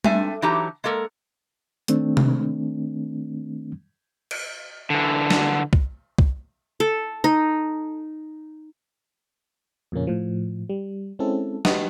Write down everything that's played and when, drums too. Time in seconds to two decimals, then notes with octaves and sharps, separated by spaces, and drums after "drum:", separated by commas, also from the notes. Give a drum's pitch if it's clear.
0.04 A3 C4 D4 E5 G#5, drum: tom G3
0.42 E3 F#3 D#4 G4 A5 A#5
0.84 G#3 A#3 A4 A#4
1.88 D#3 A3 C4 D4, drum: hi-hat
2.17 drum: tom C3
4.31 drum: cymbal
4.90 D3 E3
5.30 drum: snare
5.73 drum: kick
6.18 drum: kick
6.80 A4
7.24 D#4
9.92 F2 A#2 C#3 A#3 C#4
10.07 A2 F3
10.69 G3
11.19 G#3 C4 C#4 E4 A4
11.65 G4 B4 D#5 F#5, drum: snare